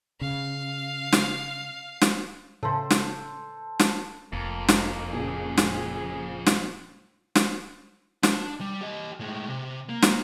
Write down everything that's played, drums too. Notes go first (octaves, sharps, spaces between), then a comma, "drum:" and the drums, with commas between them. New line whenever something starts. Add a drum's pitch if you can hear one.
C#3 F5
drum: snare
drum: snare
A2 C#3 A4 C5
drum: snare
drum: snare
F1 F2 A#3
drum: snare
A#2 C#3 G#4
drum: snare
drum: snare
drum: snare
D4, drum: snare
G3
G4 D#5
A2 G#3
C3
A#3
drum: snare